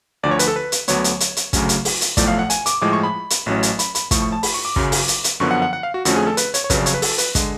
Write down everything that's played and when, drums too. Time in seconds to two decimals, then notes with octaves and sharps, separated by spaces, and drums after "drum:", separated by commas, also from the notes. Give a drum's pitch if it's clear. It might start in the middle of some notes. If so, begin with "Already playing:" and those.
0.23 D2 D3 F3 D5
0.31 C#5
0.39 B4, drum: hi-hat
0.48 A4
0.56 B4
0.72 drum: hi-hat
0.88 D2 D3 F#3 B3 C#5, drum: hi-hat
1.04 drum: hi-hat
1.20 drum: hi-hat
1.37 drum: hi-hat
1.53 D2 C#3 F#3 A3 C#4, drum: kick, hi-hat
1.69 drum: hi-hat
1.85 drum: open hi-hat
2.01 drum: hi-hat
2.17 B1 A2 F3 A3 D5, drum: kick, hi-hat
2.28 F5
2.39 F#5
2.50 G#5, drum: hi-hat
2.66 D6, drum: hi-hat
2.82 A2 F3 G#3 D6
2.93 C#6
3.03 B5
3.30 drum: hi-hat
3.46 A1 A2 F#3 C#4
3.63 drum: hi-hat
3.79 B5, drum: hi-hat
3.95 B5, drum: hi-hat
4.11 A2 F3 A3 C#6, drum: kick, hi-hat
4.22 C#6
4.32 A5
4.43 B5, drum: open hi-hat
4.54 C#6
4.65 D6
4.76 F#2 C#3 F#3, drum: kick
4.92 drum: open hi-hat
5.08 drum: hi-hat
5.24 drum: hi-hat
5.40 F#2 D3 F3 B3 C#6
5.51 F#5
5.62 F#5
5.73 F#5
5.83 F5
5.94 F#4
6.05 F2 D3 F3 A3 C#4 F#4, drum: hi-hat
6.16 G#4
6.27 A4
6.37 B4, drum: hi-hat
6.54 C#5, drum: hi-hat
6.64 C#5
6.70 F2 C#3 F#3 B4, drum: kick, hi-hat
6.78 D5
6.86 C#5, drum: hi-hat
6.94 B4
7.02 A4, drum: open hi-hat
7.18 B4, drum: hi-hat
7.35 D3 G#3, drum: kick, hi-hat